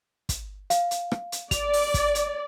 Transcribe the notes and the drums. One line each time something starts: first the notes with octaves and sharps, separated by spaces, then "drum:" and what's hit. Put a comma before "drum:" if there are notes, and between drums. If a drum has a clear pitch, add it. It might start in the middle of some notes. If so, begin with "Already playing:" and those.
drum: kick, hi-hat
F5, drum: hi-hat
drum: hi-hat
drum: rim click
drum: hi-hat
D5 F7, drum: kick, hi-hat
drum: open hi-hat
drum: kick, hi-hat
drum: hi-hat